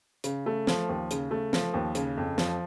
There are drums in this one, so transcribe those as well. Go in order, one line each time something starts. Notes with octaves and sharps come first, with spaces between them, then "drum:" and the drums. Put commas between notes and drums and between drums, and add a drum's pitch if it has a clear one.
C#3, drum: hi-hat
A3
F3, drum: snare
D#2
C#3, drum: hi-hat
A3
F3, drum: snare
D#2
C#3, drum: hi-hat
F2
F3, drum: snare